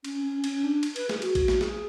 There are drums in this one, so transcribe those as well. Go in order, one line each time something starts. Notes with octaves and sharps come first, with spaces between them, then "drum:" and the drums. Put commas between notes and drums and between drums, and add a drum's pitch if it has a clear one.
C#4, drum: cymbal
C#4
C#4, drum: cymbal
D4
drum: cymbal
B4, drum: cymbal
G#4, drum: snare
F#4, drum: cymbal
drum: kick A1, cymbal
drum: snare
G#4, drum: snare